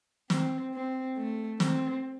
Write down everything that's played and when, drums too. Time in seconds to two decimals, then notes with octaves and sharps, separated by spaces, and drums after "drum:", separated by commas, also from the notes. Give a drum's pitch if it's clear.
0.30 C4, drum: snare
0.74 C4
1.17 A3
1.60 C4, drum: snare